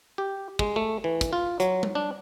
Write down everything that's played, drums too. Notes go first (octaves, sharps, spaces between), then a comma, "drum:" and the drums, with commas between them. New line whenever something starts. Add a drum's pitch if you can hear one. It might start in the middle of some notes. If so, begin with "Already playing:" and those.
G4
G#3, drum: kick
A3
E3
drum: kick, hi-hat
F4
F#3, drum: hi-hat
drum: tom G3
D4